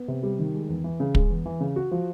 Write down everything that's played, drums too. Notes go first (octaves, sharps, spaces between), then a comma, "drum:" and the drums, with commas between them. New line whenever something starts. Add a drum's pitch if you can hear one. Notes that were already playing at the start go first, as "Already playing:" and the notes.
Already playing: B3
C3
G3
D#3
G#3
E2
E3
C#3
G#3, drum: kick
E2
E3
C#3
F#4
F3